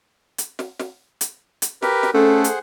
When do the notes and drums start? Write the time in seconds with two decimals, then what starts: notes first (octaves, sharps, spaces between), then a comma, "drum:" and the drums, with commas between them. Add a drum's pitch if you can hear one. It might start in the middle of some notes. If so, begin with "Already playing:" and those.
0.38 drum: hi-hat
0.59 drum: snare
0.80 drum: snare
1.21 drum: hi-hat
1.62 drum: hi-hat
1.82 G4 A#4 B4, drum: snare
2.03 drum: snare
2.14 A3 C#4 G#4 A4 C5 F#5
2.44 drum: hi-hat